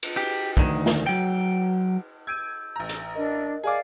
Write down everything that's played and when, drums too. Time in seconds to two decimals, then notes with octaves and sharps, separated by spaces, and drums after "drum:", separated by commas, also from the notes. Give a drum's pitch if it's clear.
0.03 drum: cymbal
0.17 G4
0.57 D2 D#3, drum: kick
0.86 drum: snare
1.06 F#3 G5
2.27 E6 G6 G#6 D7 D#7
2.76 A1 A#5
2.89 drum: hi-hat
3.15 D4 A#4 D#5
3.64 G#4 D5 F5 G#5 D6